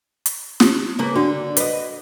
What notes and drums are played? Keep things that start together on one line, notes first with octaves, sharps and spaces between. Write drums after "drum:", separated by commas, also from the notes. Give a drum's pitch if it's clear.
drum: hi-hat
drum: snare
C#3 A#3 B4
D3 D4 F#4
B4 D#5, drum: hi-hat